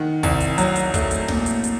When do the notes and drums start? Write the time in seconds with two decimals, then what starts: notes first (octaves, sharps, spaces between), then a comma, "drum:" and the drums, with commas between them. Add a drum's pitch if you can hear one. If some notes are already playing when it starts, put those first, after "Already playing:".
Already playing: D#3 F#5
0.23 C2, drum: kick, open hi-hat
0.40 drum: hi-hat
0.58 F#3, drum: hi-hat
0.76 drum: hi-hat
0.94 A3, drum: kick, hi-hat
1.11 drum: hi-hat
1.28 A#2, drum: snare
1.46 drum: hi-hat
1.64 drum: hi-hat